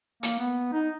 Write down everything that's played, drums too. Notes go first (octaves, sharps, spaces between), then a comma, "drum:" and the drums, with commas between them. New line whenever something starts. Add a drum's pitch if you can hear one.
A#3, drum: hi-hat
B3
D#4